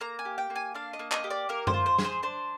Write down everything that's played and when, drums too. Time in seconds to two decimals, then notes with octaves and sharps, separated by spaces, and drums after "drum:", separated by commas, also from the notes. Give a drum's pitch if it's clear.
0.01 A#3 A#5
0.19 G#5
0.25 G4
0.38 G5
0.50 A#3
0.56 G#5
0.74 D4 F5
0.93 D#5
0.99 A#3
1.12 D#5, drum: clap
1.24 G4
1.30 D5
1.49 A#3 A#4
1.67 C5, drum: tom F#2
1.74 F4
1.86 C5
1.98 G#4, drum: snare
2.04 C5
2.23 D4 C5